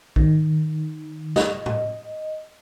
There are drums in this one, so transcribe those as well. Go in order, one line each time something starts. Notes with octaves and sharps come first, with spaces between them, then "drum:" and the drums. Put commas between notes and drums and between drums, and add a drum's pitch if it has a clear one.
D#3, drum: kick
D#5, drum: snare
drum: tom A2